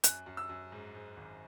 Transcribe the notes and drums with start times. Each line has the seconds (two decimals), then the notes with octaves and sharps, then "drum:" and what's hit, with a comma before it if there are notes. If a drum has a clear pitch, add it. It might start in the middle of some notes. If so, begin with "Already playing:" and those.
0.04 F#2 F#6, drum: hi-hat
0.26 F#2
0.37 E6
0.49 F#2
0.72 G#2
0.95 G#2
1.17 G#1